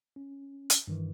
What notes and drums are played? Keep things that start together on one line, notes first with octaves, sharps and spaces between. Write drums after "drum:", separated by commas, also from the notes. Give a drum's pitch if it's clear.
C#4
drum: hi-hat
G2 D#3 E3